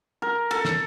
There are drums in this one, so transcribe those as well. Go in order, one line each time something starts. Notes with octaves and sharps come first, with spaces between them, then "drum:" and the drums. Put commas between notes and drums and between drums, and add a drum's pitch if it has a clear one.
A#4
A4, drum: cymbal
drum: snare